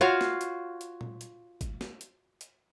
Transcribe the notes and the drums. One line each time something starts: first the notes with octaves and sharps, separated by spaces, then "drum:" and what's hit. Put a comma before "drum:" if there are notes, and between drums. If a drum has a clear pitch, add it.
F4 F#4 C#5 F5
drum: snare
drum: hi-hat
drum: hi-hat
drum: tom A#2
drum: hi-hat
drum: kick, hi-hat
drum: snare
drum: hi-hat
drum: hi-hat